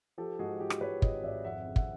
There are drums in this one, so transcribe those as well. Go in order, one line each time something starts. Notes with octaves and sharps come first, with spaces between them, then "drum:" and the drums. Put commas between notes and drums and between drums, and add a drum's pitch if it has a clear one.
F3 G4 A4
G#2 F#4 G#4
F3 G4
drum: rim click
G#2 B4 C#5
G#1 C#5 D#5, drum: kick
G#1 D5 E5
F2 E5 F#5
C#3
E5 F#5, drum: kick